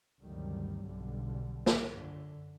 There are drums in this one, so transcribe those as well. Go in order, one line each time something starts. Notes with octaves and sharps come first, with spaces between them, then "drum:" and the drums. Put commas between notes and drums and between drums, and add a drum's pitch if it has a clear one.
G1 D2 C3 D#3 F#3 G3
B1 D3 G3
drum: snare
F#2 D3